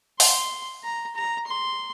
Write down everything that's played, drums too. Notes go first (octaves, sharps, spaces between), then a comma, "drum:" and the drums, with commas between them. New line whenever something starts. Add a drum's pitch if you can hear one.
C6, drum: open hi-hat
A#5
A#5
C6